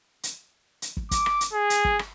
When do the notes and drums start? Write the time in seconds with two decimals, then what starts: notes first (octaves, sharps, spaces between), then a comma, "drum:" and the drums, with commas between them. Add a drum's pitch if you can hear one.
0.23 drum: hi-hat
0.82 drum: hi-hat
0.97 drum: kick
1.11 D6, drum: kick, hi-hat
1.26 drum: rim click
1.41 drum: hi-hat
1.53 G#4
1.70 drum: hi-hat
1.85 drum: kick
1.99 drum: rim click